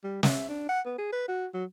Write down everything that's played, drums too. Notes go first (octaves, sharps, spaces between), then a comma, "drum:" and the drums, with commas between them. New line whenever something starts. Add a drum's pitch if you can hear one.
G3
E5, drum: snare
D4
F#5
B3
G#4
B4
F#4
F#3